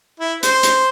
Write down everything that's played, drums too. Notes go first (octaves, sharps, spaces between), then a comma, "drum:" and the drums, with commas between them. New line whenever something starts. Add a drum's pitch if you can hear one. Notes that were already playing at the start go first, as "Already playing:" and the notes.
E4
C5, drum: hi-hat
drum: hi-hat